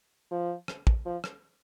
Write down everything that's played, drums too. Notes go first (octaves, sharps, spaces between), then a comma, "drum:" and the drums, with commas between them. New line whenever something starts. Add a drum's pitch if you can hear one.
F3
drum: rim click
drum: kick
F3
drum: rim click